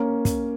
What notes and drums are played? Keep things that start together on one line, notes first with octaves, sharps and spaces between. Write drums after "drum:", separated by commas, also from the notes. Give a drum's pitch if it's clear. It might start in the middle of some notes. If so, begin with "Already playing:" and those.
Already playing: A#3 C#4
drum: kick, hi-hat